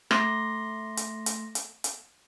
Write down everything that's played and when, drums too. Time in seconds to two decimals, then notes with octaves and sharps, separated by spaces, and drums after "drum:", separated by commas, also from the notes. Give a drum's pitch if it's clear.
0.11 A3 C6 A#6, drum: rim click
0.97 drum: hi-hat
1.26 drum: hi-hat
1.55 drum: hi-hat
1.84 drum: hi-hat